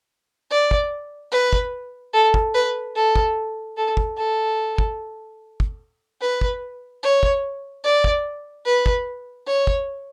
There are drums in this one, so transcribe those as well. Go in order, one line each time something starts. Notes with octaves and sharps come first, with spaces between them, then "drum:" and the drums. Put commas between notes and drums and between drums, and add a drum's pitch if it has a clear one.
D5
drum: kick
B4
drum: kick
A4
drum: kick
B4
A4
drum: kick
A4
drum: kick
A4
drum: kick
drum: kick
B4
drum: kick
C#5
drum: kick
D5
drum: kick
B4
drum: kick
C#5
drum: kick